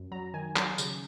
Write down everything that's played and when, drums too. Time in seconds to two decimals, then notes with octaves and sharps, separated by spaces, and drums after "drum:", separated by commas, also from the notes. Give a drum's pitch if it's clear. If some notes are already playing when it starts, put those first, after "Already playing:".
Already playing: F#2
0.11 F#3 A#5
0.34 D#3 G#5
0.56 F#3, drum: clap
0.78 C#3, drum: tambourine